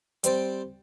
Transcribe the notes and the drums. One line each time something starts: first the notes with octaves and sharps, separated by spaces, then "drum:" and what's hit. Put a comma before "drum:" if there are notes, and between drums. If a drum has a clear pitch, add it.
G3 C4 C5 D5, drum: hi-hat